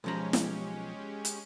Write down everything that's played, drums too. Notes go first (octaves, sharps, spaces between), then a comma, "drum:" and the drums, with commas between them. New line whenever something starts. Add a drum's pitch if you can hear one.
B1 F3 G#3 C#4 G4 A#5
drum: snare
drum: hi-hat